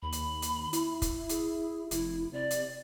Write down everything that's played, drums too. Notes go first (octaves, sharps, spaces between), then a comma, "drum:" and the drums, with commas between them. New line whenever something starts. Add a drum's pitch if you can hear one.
D#2 B5
drum: hi-hat
drum: hi-hat
E4, drum: hi-hat
drum: kick, hi-hat
G#4, drum: hi-hat
F1 E4, drum: hi-hat
C3 D5
drum: hi-hat